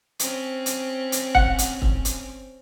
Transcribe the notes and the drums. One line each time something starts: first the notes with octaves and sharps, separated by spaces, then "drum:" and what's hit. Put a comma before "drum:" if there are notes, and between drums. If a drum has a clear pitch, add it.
C4 C#4, drum: hi-hat
drum: hi-hat
drum: hi-hat
F#5, drum: kick
drum: hi-hat
drum: kick
drum: hi-hat